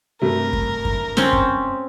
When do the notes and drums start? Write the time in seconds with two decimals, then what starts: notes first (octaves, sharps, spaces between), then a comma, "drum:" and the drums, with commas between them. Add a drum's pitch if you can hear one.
0.22 G2 C3 A3 A#4
0.53 drum: kick F#2
0.85 drum: kick F#2
1.17 C4 C#4, drum: snare
1.33 drum: kick F#2